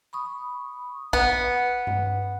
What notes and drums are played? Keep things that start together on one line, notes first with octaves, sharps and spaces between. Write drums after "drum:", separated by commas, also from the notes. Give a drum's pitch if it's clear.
B5 C#6 D#6
B3 B4 F#5, drum: kick A#1
drum: tom G2